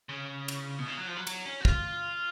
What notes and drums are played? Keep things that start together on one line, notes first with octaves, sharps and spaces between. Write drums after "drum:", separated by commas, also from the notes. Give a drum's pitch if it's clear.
C#3
drum: cymbal
B2
C#3
F#3
F3
F#3
F#3, drum: cymbal
C#4
F#4
F4, drum: kick